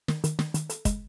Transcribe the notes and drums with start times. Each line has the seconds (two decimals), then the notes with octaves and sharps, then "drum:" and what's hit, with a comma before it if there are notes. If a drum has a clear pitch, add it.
0.08 D#3, drum: snare
0.24 D#3, drum: hi-hat
0.39 D#3, drum: snare
0.54 D#3, drum: hi-hat
0.70 A4, drum: hi-hat
0.85 G#3, drum: kick, hi-hat